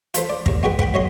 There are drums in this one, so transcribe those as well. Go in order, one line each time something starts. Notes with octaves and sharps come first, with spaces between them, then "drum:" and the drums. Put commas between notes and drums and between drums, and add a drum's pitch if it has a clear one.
F4 A4 B4 C5, drum: hi-hat
D5
D#2 A#5, drum: kick
G#3 B3 F#4 G#4 B4 G5
B4 F#5 G5 B5, drum: kick
B1 C#5 D#5 C6